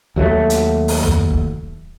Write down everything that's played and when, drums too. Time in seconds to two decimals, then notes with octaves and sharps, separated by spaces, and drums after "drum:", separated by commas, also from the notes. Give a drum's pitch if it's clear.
0.16 D#2 F#3 G#3 A3
0.50 drum: hi-hat
0.88 drum: open hi-hat
1.03 drum: tom F2
1.30 drum: kick C#1